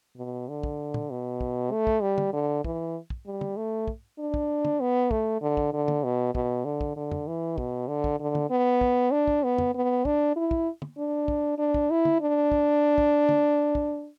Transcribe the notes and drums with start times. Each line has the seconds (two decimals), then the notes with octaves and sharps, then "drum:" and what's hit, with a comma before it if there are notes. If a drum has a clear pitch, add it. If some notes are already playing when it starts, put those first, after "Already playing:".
0.17 B2
0.49 D3
0.63 drum: kick
0.94 drum: tom
1.10 B2
1.41 drum: kick
1.72 A3
1.87 drum: kick
2.02 G3
2.18 drum: tom
2.33 D3
2.64 E3, drum: kick
3.10 drum: kick
3.26 G3
3.41 drum: tom
3.57 A3
3.88 drum: kick
4.19 D4
4.34 drum: kick
4.65 drum: tom
4.81 B3
5.11 A3, drum: kick
5.41 D3
5.57 drum: kick
5.73 D3
5.88 drum: tom
6.04 B2
6.35 B2, drum: kick
6.65 D3
6.81 drum: kick
6.96 D3
7.12 drum: tom
7.28 E3
7.58 B2, drum: kick
7.88 D3
8.04 drum: kick
8.20 D3
8.35 drum: tom
8.50 B3
8.81 drum: kick
9.12 D4
9.28 drum: kick
9.44 B3
9.58 drum: tom
9.74 B3
10.05 D4, drum: kick
10.36 E4
10.51 drum: kick
10.82 drum: tom
10.98 D4
11.28 drum: kick
11.58 D4
11.74 drum: kick
11.90 E4
12.05 drum: tom
12.21 D4
12.52 drum: kick
12.98 drum: kick
13.29 drum: tom
13.75 drum: kick